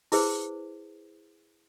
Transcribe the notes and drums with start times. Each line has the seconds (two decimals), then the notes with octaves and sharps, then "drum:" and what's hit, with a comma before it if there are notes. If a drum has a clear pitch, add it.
0.12 E4 G#4 B4 C5, drum: open hi-hat